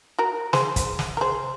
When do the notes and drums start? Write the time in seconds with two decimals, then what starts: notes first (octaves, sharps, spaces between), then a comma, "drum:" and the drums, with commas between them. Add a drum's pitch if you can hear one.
0.19 F#4 A#4
0.53 G#4 C5, drum: snare
0.76 drum: kick, hi-hat
0.99 drum: snare
1.17 A#4
1.21 G#4 C5